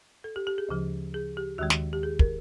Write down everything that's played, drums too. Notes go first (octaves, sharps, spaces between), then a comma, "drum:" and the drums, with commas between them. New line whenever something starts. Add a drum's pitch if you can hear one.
A4
G4
G4
G#4
D2 C#3 F3
G#4
G4
D#2 D#3 G#3 F#4
drum: snare
G4
G#4
A#4, drum: kick